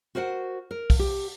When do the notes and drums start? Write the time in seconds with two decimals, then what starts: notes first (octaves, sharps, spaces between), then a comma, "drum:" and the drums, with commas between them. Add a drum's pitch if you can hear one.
0.15 F#4 A#4 C5 F5 F#5
0.71 A#4
0.90 drum: kick, open hi-hat
0.99 G4